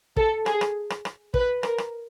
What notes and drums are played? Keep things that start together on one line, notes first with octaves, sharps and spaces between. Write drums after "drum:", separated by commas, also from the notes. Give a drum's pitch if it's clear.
A4, drum: kick
G#4, drum: rim click
drum: rim click
drum: rim click
drum: rim click
B4, drum: kick
A#4, drum: rim click
drum: rim click